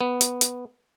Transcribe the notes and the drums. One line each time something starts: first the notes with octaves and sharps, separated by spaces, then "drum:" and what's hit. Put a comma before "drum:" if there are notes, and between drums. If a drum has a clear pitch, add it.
B3
drum: hi-hat
drum: hi-hat